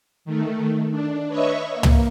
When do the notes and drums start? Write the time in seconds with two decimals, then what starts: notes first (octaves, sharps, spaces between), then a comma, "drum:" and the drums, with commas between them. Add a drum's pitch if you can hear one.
0.25 D#3 A3
0.91 D4
1.28 B4 C#5 D#5 E5 C#6
1.72 A#3
1.83 drum: tom